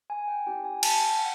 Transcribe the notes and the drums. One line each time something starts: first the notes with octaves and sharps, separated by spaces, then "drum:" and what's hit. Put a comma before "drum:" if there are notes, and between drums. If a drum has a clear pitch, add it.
G#5
G5
C#4 E4 G4 G5
G#5
A5, drum: cymbal
G5
F#5